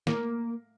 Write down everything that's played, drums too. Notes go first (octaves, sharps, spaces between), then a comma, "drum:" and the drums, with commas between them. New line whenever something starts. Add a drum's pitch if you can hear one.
A#3, drum: snare